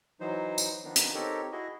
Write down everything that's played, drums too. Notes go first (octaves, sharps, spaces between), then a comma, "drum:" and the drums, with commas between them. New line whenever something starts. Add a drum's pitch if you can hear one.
E3 F#3 D#4 C5
drum: tambourine
D#3 F3 B3 D4 D#4
drum: hi-hat
C4 D#4 G4 A4 A#4 C#5
E4 F#4 G#4 D#5